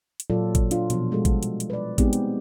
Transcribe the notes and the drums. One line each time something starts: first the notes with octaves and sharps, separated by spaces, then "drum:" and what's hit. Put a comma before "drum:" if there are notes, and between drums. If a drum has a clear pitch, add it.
drum: hi-hat
A#2 F#3 F4 A4 D5
drum: kick G#1, hi-hat
D4 F4, drum: hi-hat
B2 F3, drum: hi-hat
G3 G#3 F#4 A4
drum: kick G#1, hi-hat
drum: hi-hat
drum: hi-hat
B4 D5
G#3 B3 C4 D#4 G4 G#4, drum: kick G#1, hi-hat
drum: hi-hat